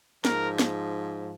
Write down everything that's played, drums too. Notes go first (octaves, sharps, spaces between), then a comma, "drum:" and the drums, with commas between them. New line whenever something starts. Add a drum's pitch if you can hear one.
G#2 F3 A#4, drum: snare
drum: snare